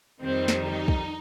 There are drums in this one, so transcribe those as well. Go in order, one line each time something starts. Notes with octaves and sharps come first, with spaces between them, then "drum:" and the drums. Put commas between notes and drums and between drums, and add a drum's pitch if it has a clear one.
F2 D#3 G3 C4
drum: snare
D#4
drum: kick